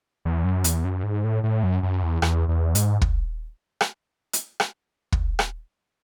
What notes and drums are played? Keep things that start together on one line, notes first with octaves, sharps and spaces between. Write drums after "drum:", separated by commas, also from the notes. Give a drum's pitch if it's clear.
E2
F#2
E2, drum: hi-hat
F#2
G#2
A2
A2
F#2
F#2
E2
E2, drum: rim click
E2
G#2, drum: hi-hat
drum: kick
drum: rim click
drum: hi-hat
drum: rim click
drum: kick
drum: rim click